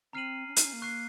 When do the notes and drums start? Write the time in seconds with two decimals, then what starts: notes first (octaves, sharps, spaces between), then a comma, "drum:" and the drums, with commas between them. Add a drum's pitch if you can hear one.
0.13 C4 A#5 F6 C7 D#7 F#7
0.48 C#4
0.56 D#4, drum: hi-hat
0.65 C#4
0.73 A#3
0.82 C#6 F#6 C7